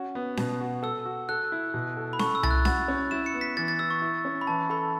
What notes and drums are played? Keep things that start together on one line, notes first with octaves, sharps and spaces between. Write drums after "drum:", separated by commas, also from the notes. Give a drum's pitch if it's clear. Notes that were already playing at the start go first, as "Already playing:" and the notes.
Already playing: C#4 F#4
B3
B2, drum: snare C#4
F#4
A4 E6
F#4
A4 F#6
E4
B2
A4
B5
A4 C#6, drum: snare C#4
E6
E4 A6, drum: tom C2
F#6
F#4 A6, drum: snare C#4
C#4
E4 E7
C#7
B3
B6
E3 A6
A6
E4 E6
C#6
E4
C#4
B5
E3 A5
A4 B5